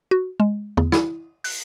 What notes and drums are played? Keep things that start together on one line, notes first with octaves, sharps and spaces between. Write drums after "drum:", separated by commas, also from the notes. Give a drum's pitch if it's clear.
F#4
G#3
E2, drum: tom
E4, drum: snare
F#6, drum: open hi-hat